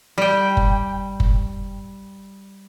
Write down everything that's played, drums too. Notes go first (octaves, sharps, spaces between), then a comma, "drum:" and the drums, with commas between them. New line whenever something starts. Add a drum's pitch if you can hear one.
G3 G5
drum: kick F#1
drum: kick F#1